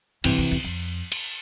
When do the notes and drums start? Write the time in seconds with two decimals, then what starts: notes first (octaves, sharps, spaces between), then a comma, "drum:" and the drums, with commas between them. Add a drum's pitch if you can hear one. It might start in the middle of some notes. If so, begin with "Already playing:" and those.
0.24 G2 C3 E3, drum: cymbal
0.38 F2
0.51 E2
0.64 F2
1.12 drum: cymbal